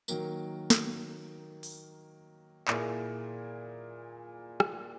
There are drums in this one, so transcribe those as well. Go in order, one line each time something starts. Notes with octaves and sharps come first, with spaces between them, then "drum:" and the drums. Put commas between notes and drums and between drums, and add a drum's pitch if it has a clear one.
D#3 F#3 A#3, drum: tambourine
drum: snare
drum: open hi-hat
A#2 A#3 E4 G#4, drum: clap
drum: rim click